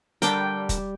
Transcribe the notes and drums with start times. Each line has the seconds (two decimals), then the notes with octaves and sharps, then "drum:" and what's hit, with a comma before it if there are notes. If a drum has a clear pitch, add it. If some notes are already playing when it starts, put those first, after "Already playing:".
0.22 D3 G3 D4 A#4 G5 D6, drum: hi-hat
0.69 drum: kick, hi-hat